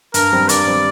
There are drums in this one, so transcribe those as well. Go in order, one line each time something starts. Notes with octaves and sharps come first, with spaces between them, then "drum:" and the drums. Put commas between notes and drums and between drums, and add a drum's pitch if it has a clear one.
G2 A#4, drum: hi-hat
G3 C4
G2 D5, drum: hi-hat
G3 C4